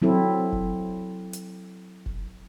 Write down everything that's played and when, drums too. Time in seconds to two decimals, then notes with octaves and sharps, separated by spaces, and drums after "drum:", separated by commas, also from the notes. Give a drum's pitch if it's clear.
0.02 F#3 C4 E4 A4
0.52 drum: kick F1
1.33 drum: hi-hat
2.06 drum: kick F1